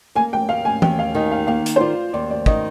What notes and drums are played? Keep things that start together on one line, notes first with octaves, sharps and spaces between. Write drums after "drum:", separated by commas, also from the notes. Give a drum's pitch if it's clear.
A#3 G#5
G5
D#2 F5
G#5
D#2 G5, drum: tom E3
F5
D#3 D#5
F5
A#3 F5
drum: hi-hat
C5
F4 D5
D#2 D5
D5
D#3 D#5, drum: kick